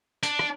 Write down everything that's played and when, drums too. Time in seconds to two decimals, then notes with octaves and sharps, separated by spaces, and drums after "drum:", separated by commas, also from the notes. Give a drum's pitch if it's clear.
0.23 D4, drum: hi-hat
0.39 drum: rim click